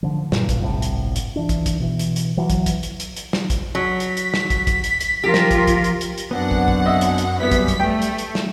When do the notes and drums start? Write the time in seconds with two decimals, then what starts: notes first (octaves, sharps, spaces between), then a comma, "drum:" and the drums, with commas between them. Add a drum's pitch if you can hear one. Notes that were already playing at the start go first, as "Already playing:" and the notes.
0.03 D3 F3
0.32 G2 A#2, drum: snare
0.49 drum: kick, hi-hat
0.60 G1 C2 A2
0.82 drum: hi-hat
1.16 drum: hi-hat
1.36 E3 D4
1.49 drum: kick, hi-hat
1.66 drum: kick, hi-hat
1.80 B2 E3
1.99 drum: hi-hat
2.16 drum: hi-hat
2.37 E3 F#3
2.50 drum: kick, hi-hat
2.66 drum: kick, hi-hat
2.83 drum: hi-hat
3.00 drum: hi-hat
3.17 drum: hi-hat
3.33 drum: snare
3.50 drum: kick, hi-hat
3.75 F#3 B6
4.00 drum: hi-hat
4.17 drum: hi-hat
4.34 drum: snare
4.50 drum: kick, hi-hat
4.67 drum: kick, hi-hat
4.84 drum: hi-hat
5.01 drum: hi-hat
5.24 F3 F4 G4 A#4
5.34 drum: snare
5.51 drum: kick, hi-hat
5.67 drum: kick, hi-hat
5.84 drum: hi-hat
6.01 drum: hi-hat
6.18 drum: hi-hat
6.31 F#2 B3 C4 D4 F#5
6.51 drum: kick
6.68 drum: kick
6.86 D#5 E5
7.01 drum: hi-hat
7.18 drum: hi-hat
7.40 F#2 G3 B3 E4 B4 B6
7.51 drum: kick, hi-hat
7.68 drum: kick, hi-hat
7.80 A3 G5
8.02 drum: hi-hat
8.18 drum: hi-hat
8.35 drum: snare